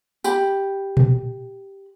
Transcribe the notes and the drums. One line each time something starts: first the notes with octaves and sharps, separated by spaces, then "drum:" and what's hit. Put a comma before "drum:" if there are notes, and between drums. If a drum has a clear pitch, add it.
G4 B5, drum: tambourine
drum: tom A#2